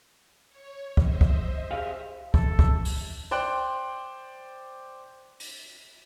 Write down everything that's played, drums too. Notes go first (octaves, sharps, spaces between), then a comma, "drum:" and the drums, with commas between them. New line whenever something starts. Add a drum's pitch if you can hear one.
C#5
C5 D#5 E5, drum: kick
drum: kick
G4 G#4 F5
A4, drum: kick
drum: kick
drum: open hi-hat
C5 D5 G5 C6 F#6
drum: open hi-hat